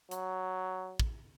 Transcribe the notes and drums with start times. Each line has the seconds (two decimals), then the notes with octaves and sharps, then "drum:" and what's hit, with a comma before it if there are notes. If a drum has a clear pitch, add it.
0.11 F#3, drum: hi-hat
1.00 drum: kick